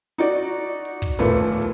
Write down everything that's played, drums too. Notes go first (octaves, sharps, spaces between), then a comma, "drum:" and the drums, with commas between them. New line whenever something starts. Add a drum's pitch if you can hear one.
D#4 F#4 D5
drum: hi-hat
drum: open hi-hat
drum: kick
D#2 A#2 F3 A3 B3
drum: hi-hat